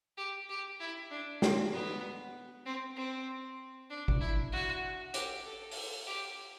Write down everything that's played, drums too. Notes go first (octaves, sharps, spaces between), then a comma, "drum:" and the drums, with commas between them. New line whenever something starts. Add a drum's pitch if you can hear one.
G4
G4
E4
D4
C4, drum: snare
B3
C4
C4
D4
drum: kick G#1
E4
F#4
G4, drum: hi-hat
A4
drum: open hi-hat
G4